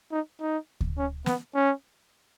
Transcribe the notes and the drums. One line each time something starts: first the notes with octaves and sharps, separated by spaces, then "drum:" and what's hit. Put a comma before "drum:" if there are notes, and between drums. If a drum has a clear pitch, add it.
D#4
D#4
drum: kick D2
C#4
B3, drum: snare
C#4